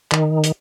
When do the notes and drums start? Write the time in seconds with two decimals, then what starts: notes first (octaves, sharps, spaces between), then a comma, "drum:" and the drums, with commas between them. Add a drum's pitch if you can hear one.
0.12 D#3, drum: clap
0.43 drum: hi-hat